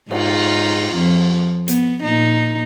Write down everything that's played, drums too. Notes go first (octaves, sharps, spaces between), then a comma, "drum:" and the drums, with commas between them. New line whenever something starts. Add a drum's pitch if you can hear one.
G#2 D#4 F4, drum: cymbal
F2 F3
B3, drum: hi-hat
A#2 D#4